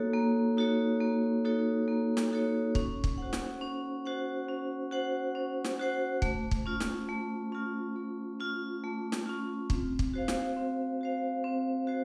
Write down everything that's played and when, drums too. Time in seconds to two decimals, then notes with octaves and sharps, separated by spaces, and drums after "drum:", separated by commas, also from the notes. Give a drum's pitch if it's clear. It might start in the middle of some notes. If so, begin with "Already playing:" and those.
Already playing: A#3 D#4 F#4 A4 C#5
0.14 A#3
0.57 D#4 F#4 A4 C#5
1.00 A#3
1.45 D#4 F#4 A4 C#5
1.88 A#3
2.17 drum: snare
2.31 D#4 F#4 A4 C#5
2.75 C#4, drum: kick
3.04 drum: kick
3.18 F#4 C5 F#5
3.33 drum: snare
3.61 C#4
4.06 F#4 C5 F#5
4.48 C#4
4.91 F#4 C5 F#5
5.35 C#4
5.64 drum: snare
5.79 F#4 C5 F#5
6.22 A3, drum: kick
6.51 drum: kick
6.66 C#4 F4
6.80 drum: snare
7.09 A3
7.52 C#4 F4
7.96 A3
8.40 C#4 F4
8.84 A3
9.12 drum: snare
9.26 C#4 F4
9.70 C4, drum: kick
9.99 drum: kick
10.14 F#4 C5 F5
10.28 drum: snare
10.56 C4
11.01 F#4 C5 F5
11.44 C4
11.87 F#4 C5